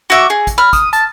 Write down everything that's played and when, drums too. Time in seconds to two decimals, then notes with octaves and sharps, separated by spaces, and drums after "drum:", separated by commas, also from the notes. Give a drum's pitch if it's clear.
0.10 F#4 E5 D6
0.30 G#4
0.47 drum: kick, hi-hat
0.58 B5 F6
0.73 D#6, drum: kick, hi-hat
0.93 A5, drum: hi-hat